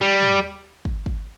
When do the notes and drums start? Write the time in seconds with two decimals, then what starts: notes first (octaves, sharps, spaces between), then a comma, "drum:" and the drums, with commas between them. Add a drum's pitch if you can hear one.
0.01 G3
0.22 drum: tom
0.85 drum: kick
1.06 drum: kick